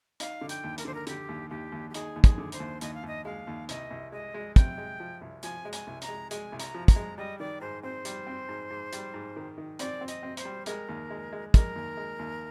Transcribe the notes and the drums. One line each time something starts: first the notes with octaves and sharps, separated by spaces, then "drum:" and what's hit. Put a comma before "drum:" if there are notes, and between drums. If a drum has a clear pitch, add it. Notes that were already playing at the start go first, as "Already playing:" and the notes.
D#4 F5, drum: hi-hat
D3
G5, drum: hi-hat
D#2
A#4, drum: hi-hat
D3 C5
A#4
D3 G4, drum: hi-hat
D#2
D#2 G4
D#2
G4
D#4 G#4, drum: hi-hat
D#2
G#4, drum: kick, hi-hat
D3
C5, drum: hi-hat
D#2
D#2 D#5, drum: hi-hat
F5
D#2 D#5
G#3 F5
D#2
C2 D#5, drum: hi-hat
C2
G#3 D#5
G#3
C3 G5, drum: kick, hi-hat
G#3
F3
C2
F3 G#5, drum: hi-hat
G#3
G#5, drum: hi-hat
C2
A#5, drum: hi-hat
G#3
G#3 G#5, drum: hi-hat
C2
A#5, drum: hi-hat
F3
A#5, drum: kick, hi-hat
G#3
G3 D#5
D#3 D5
G#2 C5
C4 C5
G3, drum: hi-hat
C4
G#2
G#2
G3, drum: hi-hat
G#2
D#3
D#3
C4 D5, drum: hi-hat
C4
D#5, drum: hi-hat
C4
C5, drum: hi-hat
G3
G#3 A#4, drum: hi-hat
D#2
G#3
G#3
G#3 A#4, drum: kick, hi-hat
D#2
G#3
D#2